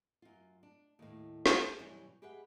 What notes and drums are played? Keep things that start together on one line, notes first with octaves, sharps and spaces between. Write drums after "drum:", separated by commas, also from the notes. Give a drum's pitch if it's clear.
F#2 F4
D4
D#2 A2
drum: snare
A5
F#2 B2 E3 G3 C#4 C#5
G4 G#4 B4 E5 F#5